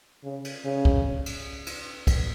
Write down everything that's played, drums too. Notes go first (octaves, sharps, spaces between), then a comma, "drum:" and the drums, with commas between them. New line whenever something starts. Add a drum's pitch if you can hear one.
C#3
drum: cymbal
C#3
drum: kick
drum: cymbal
drum: cymbal
drum: kick, cymbal